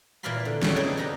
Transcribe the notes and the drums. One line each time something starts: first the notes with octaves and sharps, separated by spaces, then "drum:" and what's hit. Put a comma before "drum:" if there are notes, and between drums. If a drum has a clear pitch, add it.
A#2 E3 D5 F5 B5 C6
D3
C#3 G3 D4 E4 F#4 A4, drum: snare
F2 G#3 D#4 B4 D5 E5
E2 D4 D#4 G4 A#5 B5